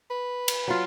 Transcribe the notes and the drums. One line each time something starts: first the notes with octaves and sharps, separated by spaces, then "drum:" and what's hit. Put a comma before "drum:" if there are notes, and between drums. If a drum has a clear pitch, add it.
B4
drum: cymbal
F#3 F4